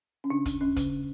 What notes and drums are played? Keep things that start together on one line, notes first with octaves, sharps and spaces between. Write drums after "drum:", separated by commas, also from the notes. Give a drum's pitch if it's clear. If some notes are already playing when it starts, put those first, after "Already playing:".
C#4
C#3 D4
D#2, drum: kick, hi-hat
D#2 C#4
C#3, drum: kick, hi-hat